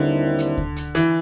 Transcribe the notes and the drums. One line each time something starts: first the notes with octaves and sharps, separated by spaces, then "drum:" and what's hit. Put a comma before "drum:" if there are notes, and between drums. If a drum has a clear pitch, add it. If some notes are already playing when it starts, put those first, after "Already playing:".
Already playing: D#2 D3 D#3 G3 C4 E4
drum: hi-hat
drum: kick D2
drum: hi-hat
E3, drum: hi-hat